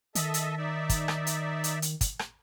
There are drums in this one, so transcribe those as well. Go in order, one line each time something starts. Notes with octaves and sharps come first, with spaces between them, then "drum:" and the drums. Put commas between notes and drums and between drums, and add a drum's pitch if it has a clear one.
D#3 A4 D#5 E5, drum: hi-hat
drum: hi-hat
D#4 D5 E5
drum: kick, hi-hat
drum: rim click
drum: hi-hat
drum: hi-hat
drum: hi-hat
drum: kick, hi-hat
drum: rim click